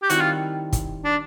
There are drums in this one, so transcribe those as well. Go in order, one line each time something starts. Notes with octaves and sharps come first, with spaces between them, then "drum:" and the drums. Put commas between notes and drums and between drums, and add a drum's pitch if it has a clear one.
G4
D#3 G3 C4 E4 F#4, drum: hi-hat
F4
drum: kick, hi-hat
D4